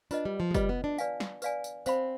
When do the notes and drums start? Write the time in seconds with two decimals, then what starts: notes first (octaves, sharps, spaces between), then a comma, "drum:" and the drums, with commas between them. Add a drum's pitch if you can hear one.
0.11 D4 F4 B4 D#5, drum: tambourine
0.25 G3
0.40 F3
0.51 G#3
0.54 G3 F4 B4 D#5, drum: kick, tambourine
0.69 B3
0.84 D4
0.98 B4 D5 F5 G#5, drum: tambourine
1.20 drum: snare
1.42 B4 D5 F5 G#5, drum: tambourine
1.64 drum: tambourine
1.86 C4 C5 F5 B5, drum: tambourine